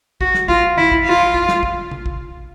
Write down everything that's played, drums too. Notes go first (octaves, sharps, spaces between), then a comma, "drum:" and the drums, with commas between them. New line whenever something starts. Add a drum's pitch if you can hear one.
F#4, drum: kick
drum: snare
F4, drum: kick
E4, drum: tom
drum: kick
F4
drum: kick
drum: snare
drum: kick
drum: tom C3
drum: kick